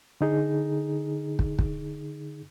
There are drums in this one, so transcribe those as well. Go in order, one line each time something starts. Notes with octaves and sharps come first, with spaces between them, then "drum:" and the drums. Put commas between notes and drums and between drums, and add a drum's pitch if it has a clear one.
D3 D#4 G#4
drum: kick
drum: kick